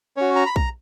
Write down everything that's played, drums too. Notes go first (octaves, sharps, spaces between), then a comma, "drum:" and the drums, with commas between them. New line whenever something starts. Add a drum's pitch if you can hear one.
C#4 F#4 C#5
A#5
B5
A#5, drum: kick